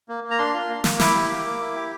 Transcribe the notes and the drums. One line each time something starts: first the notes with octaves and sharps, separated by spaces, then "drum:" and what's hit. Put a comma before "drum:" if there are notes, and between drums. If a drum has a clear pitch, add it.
A#3
A#3
A#5
D4 C6
F4
A#3
A#3, drum: snare
E4 D6, drum: snare
G4
A#3
A#3
E4
G4